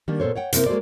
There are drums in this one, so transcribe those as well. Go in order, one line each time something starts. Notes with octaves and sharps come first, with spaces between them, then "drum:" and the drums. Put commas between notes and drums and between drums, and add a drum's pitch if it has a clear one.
D#3 G3 A#3 D4
A#2 B3 A4 C5 C#5
C#5 F#5 G5
C3 A#3 C4 E4 A#4, drum: hi-hat
G#3 A#3 F#4 A4 C5 D5